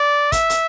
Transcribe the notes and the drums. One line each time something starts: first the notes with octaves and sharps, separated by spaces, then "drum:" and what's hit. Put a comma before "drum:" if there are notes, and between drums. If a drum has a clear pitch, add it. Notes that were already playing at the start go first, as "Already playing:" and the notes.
Already playing: D5
E5, drum: kick, hi-hat
drum: hi-hat